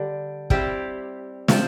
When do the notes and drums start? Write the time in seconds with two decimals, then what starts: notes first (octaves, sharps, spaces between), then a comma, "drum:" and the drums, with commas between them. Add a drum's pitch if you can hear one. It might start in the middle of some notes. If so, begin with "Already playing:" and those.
Already playing: D3 G3 D4
0.50 G3 C4 E4 G4, drum: kick
1.48 C3 F3 C4 F4, drum: snare